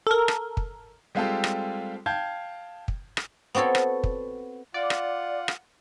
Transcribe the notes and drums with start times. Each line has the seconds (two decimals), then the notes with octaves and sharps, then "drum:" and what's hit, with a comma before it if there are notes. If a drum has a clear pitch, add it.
0.07 A4 A#4
0.28 drum: rim click
0.57 drum: kick
1.15 G3 G#3 C4 F4 G4 A4
1.44 drum: rim click
2.06 F5 G5 A5 G6 G#6
2.88 drum: kick
3.17 drum: rim click
3.55 B3 C4 F#4 A4 C#5
3.75 drum: rim click
4.04 drum: kick
4.74 F4 D5 F#5
4.90 drum: rim click
5.48 drum: rim click